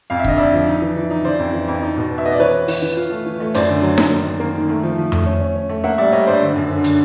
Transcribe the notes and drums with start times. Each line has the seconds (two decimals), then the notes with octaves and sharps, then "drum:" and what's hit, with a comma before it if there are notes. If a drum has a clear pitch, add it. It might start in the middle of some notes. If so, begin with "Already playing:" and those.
0.10 F2 F5
0.19 E5
0.24 D3 D#5, drum: kick
0.37 F2 D5 E5
0.53 F3
0.67 D#4
0.82 E3
0.96 E3
1.10 D#4
1.25 C#3 C5 D5
1.39 F2
1.53 E3
1.68 F2
1.82 D#4
1.97 B2
2.11 B3
2.18 E5
2.26 B3 D#5
2.32 D5
2.39 E3 B4 C#5
2.54 B3
2.68 E3, drum: open hi-hat
2.82 E3
2.97 F4
3.11 A3
3.26 E3
3.40 A3
3.54 F#2 C5 D5, drum: hi-hat
3.69 D3
3.83 F#3
3.98 F#2, drum: snare D#4
4.12 D#3
4.26 D#3
4.40 A#3
4.55 D#3
4.69 A3
4.83 F3
4.98 F3
5.12 A3, drum: tom F2
5.26 C#4
5.41 C#4
5.55 C#4
5.69 A3
5.84 A#3 E5 F#5
5.98 G3 D5 E5
6.12 G3 C#5 D#5
6.27 G2 C5 D5
6.41 D3
6.56 F#2
6.70 D3
6.84 D3, drum: hi-hat